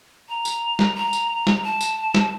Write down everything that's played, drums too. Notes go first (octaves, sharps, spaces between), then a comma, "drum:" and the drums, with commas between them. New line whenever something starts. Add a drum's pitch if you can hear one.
A#5
drum: tambourine
drum: snare
A#5
drum: tambourine
drum: snare
A5
drum: tambourine
drum: snare